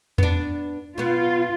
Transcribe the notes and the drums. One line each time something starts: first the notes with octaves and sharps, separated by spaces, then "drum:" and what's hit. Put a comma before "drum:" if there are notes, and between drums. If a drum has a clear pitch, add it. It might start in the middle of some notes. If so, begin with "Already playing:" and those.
B3 D4, drum: tom E2
B2 B3 F4